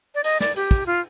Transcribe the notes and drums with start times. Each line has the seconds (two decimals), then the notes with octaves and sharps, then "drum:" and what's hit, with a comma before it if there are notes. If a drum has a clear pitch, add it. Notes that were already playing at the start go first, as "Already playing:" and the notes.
0.15 D5
0.24 D#5, drum: cymbal
0.40 D5, drum: snare
0.56 G4, drum: cymbal
0.71 drum: kick
0.86 F4